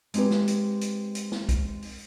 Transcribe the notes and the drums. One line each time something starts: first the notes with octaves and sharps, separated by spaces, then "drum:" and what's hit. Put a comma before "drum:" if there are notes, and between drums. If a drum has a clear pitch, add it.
G#3 C4 D#4 G4 B4, drum: hi-hat
drum: snare
drum: hi-hat
drum: hi-hat
drum: hi-hat
drum: snare
drum: kick, hi-hat
drum: open hi-hat